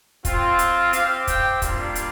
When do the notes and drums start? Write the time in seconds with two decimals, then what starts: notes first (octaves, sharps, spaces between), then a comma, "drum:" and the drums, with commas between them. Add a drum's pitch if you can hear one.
0.25 C4 F4, drum: kick, hi-hat
0.59 drum: hi-hat
0.93 C4 G4 F5, drum: hi-hat
1.27 G5, drum: kick, hi-hat
1.62 G3 A#3 D4 F4, drum: kick, hi-hat
1.95 drum: hi-hat